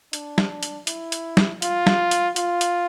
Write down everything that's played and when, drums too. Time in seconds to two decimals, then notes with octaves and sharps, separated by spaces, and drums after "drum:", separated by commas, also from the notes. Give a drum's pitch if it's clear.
0.13 D4, drum: hi-hat
0.38 drum: snare
0.63 drum: hi-hat
0.87 E4, drum: hi-hat
1.12 drum: hi-hat
1.37 drum: snare
1.62 F4, drum: hi-hat
1.87 drum: snare
2.11 drum: hi-hat
2.36 F4, drum: hi-hat
2.61 drum: hi-hat